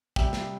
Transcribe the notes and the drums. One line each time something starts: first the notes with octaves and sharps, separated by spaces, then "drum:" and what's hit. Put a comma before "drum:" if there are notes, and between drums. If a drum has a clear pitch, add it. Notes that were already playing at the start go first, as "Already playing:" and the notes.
C3 G3 G5, drum: kick
drum: snare